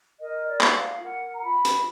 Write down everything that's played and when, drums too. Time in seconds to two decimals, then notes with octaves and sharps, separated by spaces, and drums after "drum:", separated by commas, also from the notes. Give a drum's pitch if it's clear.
0.20 A#4 D#5
0.47 D5
0.61 F4 F#5, drum: clap
0.75 F5
1.02 A#4 F#5
1.33 A#5
1.42 F4 B5
1.65 drum: hi-hat